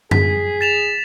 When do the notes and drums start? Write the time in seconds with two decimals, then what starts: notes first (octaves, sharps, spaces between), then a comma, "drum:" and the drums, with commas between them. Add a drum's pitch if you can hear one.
0.11 G#4 B6, drum: tom F#2
0.61 A6 E7 F7